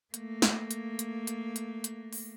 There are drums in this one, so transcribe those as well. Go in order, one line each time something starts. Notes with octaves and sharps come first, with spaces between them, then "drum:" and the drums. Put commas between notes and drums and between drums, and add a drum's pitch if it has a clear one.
A3 A#3, drum: hi-hat
drum: snare
drum: hi-hat
drum: hi-hat
drum: hi-hat
drum: hi-hat
drum: hi-hat
drum: open hi-hat